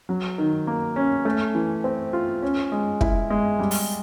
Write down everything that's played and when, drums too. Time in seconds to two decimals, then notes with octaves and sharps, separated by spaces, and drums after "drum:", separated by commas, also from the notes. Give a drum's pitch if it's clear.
0.09 F#3
0.38 D#3
0.67 A#3
0.96 C#4
1.25 A3
1.55 E3
1.84 C4
2.13 F4
2.42 C#4
2.72 G#3
3.01 E4, drum: kick
3.30 G#3
3.59 G3
3.71 drum: open hi-hat